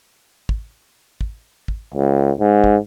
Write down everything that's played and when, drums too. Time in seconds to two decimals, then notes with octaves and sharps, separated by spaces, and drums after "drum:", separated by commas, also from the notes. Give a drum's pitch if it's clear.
0.49 drum: kick
1.21 drum: kick
1.68 drum: kick
1.94 C#2
2.40 G#2
2.64 drum: kick